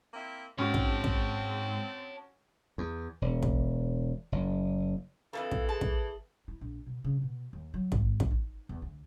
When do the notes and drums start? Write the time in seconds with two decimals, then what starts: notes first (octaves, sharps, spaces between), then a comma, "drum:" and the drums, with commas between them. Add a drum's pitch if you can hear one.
0.14 A#3 C4 E4
0.59 G#2 C4 C#4 F#4 C#5 A5
0.74 drum: kick
1.04 drum: kick
2.78 E2
3.22 E1
3.43 drum: kick
4.32 F#1
5.33 F2 B2 E3 A4 F5
5.51 drum: kick
5.69 G#4 A5
5.81 drum: kick
6.48 E4
6.61 A#1
6.86 B2
7.04 C#3
7.22 B2
7.53 D#2
7.74 F#3
7.92 G#1, drum: kick
8.20 drum: kick
8.31 D#4
8.69 E2
8.82 D2